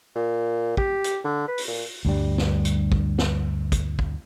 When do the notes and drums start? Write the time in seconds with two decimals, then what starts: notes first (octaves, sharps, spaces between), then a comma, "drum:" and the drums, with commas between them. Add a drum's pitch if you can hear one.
0.16 A#2
0.77 G4, drum: kick
1.04 drum: hi-hat
1.25 D3
1.48 B4
1.58 drum: open hi-hat
1.68 A#2
2.05 D2 G2 G3
2.38 drum: snare
2.65 drum: hi-hat
2.92 drum: kick
3.18 drum: snare
3.72 drum: kick, hi-hat
3.99 drum: kick